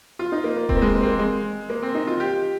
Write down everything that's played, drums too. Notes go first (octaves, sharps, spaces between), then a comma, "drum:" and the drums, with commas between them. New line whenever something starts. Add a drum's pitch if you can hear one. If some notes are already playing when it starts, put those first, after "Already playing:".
F4
D#4
A#3
A#3
C4, drum: kick D#1
A#3
G#3
A#3
C4
A#3
G#3
A#3
C4
D#4
F4
G4